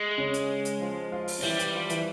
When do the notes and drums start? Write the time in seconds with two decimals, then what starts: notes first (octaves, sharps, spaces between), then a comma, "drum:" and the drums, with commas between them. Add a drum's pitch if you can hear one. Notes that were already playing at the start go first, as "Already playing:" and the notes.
Already playing: G#3
0.18 C#3 C#4
0.34 drum: hi-hat
0.65 drum: hi-hat
0.80 F3 F4
1.11 F3 F4
1.28 drum: open hi-hat
1.38 C#4
1.43 E3 G3 E4
1.59 E3 E4, drum: hi-hat
1.75 F3 F4
1.90 E3 E4, drum: hi-hat